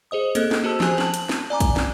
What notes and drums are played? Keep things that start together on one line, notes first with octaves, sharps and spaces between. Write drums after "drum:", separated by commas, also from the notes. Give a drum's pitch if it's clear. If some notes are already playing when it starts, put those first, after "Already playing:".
G#4 C5 D#5 D#6
A#3 C4 A4 D#5 F#6, drum: hi-hat
drum: snare
F#4 G#4 C5 A5 E6
F3 G4 C5 G#5 F#6, drum: snare
A5 F#7, drum: snare
drum: hi-hat
drum: snare
D5 G#5 A#5 D6
drum: kick, hi-hat
drum: snare